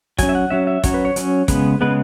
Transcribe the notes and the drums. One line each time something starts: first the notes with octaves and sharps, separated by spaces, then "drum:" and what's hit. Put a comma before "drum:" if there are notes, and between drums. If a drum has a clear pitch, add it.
F#3 C#4 G#5, drum: kick, hi-hat
E5
F#5
F#3 C#4 E5
E5
F#3 C#4 C#5, drum: kick, hi-hat
B4
C#5
F#3 C#4, drum: hi-hat
C#3 G#3 B3 B4, drum: kick, hi-hat
C#3 G#3 B3 B4